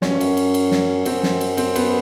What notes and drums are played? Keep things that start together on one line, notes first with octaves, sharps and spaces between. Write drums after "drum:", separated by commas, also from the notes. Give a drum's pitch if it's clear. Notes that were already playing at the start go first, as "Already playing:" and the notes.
F#2 C#4, drum: snare
G2
F#2, drum: cymbal
drum: cymbal
drum: cymbal
drum: snare
F#2 C4, drum: cymbal
drum: snare
drum: cymbal
C4, drum: cymbal
B3, drum: cymbal